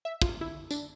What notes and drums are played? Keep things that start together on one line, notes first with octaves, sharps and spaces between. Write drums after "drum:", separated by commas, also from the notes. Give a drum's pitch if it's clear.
E5
F4, drum: kick
E4
D4, drum: tambourine